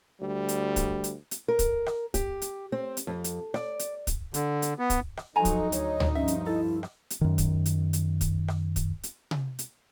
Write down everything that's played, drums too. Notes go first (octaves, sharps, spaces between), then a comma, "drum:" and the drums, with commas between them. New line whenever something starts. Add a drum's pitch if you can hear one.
D2 G3
drum: hi-hat
drum: kick, hi-hat
drum: hi-hat
drum: hi-hat
A#4
drum: kick, hi-hat
drum: rim click
G4, drum: kick, hi-hat
drum: hi-hat
C4
drum: hi-hat
F2
drum: hi-hat
D5, drum: rim click
drum: hi-hat
drum: kick, hi-hat
D3, drum: hi-hat
drum: hi-hat
B3
drum: kick, hi-hat
drum: rim click
F3 F#3 D#4 A4 G#5 A#5
drum: kick, hi-hat
D2 C#5, drum: hi-hat
drum: tom D2
G2 F3 C#4 E5
drum: hi-hat
E4 A4
drum: rim click
drum: hi-hat
F#2 D#3
drum: kick, hi-hat
drum: hi-hat
drum: hi-hat
drum: kick, hi-hat
drum: rim click
drum: kick, hi-hat
drum: hi-hat
drum: tom C3
drum: hi-hat